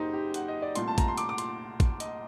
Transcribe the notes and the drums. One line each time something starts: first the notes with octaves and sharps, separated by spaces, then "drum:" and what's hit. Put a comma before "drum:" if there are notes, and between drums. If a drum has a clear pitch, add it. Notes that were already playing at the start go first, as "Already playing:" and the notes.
Already playing: F#1 F#2 F#3 A#3 D#4 G4 C5
G4
F#5, drum: hi-hat
D#5
D5
C2 A#2 A3 C6, drum: hi-hat
A5
A#5, drum: kick, hi-hat
C6
D6, drum: hi-hat
D6
C6, drum: hi-hat
drum: kick, hi-hat
D#5, drum: hi-hat